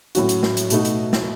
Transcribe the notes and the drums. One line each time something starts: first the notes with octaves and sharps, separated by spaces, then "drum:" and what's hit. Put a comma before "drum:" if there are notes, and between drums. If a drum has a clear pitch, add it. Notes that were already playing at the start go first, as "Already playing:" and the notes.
A2 F#3 C#4 F#4, drum: hi-hat
drum: hi-hat
drum: snare
drum: hi-hat
B2 A3 D#4 F#4, drum: hi-hat
drum: hi-hat
drum: snare